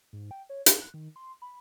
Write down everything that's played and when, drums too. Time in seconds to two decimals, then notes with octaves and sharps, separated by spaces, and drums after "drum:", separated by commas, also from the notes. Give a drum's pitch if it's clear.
0.13 G#2
0.31 G5
0.50 C#5
0.66 G#4, drum: hi-hat
0.82 F#6
0.94 D#3
1.16 C6
1.42 B5